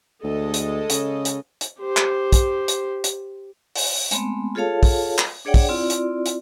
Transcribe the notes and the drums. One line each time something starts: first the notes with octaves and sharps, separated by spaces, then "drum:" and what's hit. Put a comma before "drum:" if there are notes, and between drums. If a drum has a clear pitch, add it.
D2 G#3 A4 D#5
drum: hi-hat
C#3, drum: hi-hat
drum: hi-hat
drum: hi-hat
G4 C5
drum: clap
drum: kick, hi-hat
drum: hi-hat
drum: hi-hat
drum: open hi-hat
G#3 A3 B3 C4, drum: hi-hat
F4 G#4 A4 C#5 F5 A5
drum: kick, open hi-hat
drum: clap
D4 G#4 C#5 D5 F#5 G5
drum: kick, open hi-hat
C4 E4 F4 D5
drum: hi-hat
drum: hi-hat